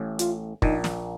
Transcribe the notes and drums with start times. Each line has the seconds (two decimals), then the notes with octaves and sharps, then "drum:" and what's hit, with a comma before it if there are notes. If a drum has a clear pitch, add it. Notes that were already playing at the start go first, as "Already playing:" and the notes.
Already playing: A1 A2
0.19 F4, drum: hi-hat
0.62 A#1 A#2 D#4, drum: kick
0.84 drum: snare